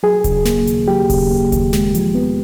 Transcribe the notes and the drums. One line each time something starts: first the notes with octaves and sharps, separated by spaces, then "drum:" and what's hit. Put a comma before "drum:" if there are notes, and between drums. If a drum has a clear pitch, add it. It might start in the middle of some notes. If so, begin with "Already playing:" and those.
F#3 G#4
C#3, drum: kick D#1, hi-hat
A#3, drum: snare
D#2, drum: hi-hat
F#3 G4
C#3, drum: kick D#1, open hi-hat
A#3
D#2, drum: kick D#1, hi-hat
G#3, drum: snare
F3, drum: hi-hat
B3